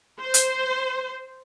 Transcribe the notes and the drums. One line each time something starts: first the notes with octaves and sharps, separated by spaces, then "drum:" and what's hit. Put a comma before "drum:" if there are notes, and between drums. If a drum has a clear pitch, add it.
C5
drum: hi-hat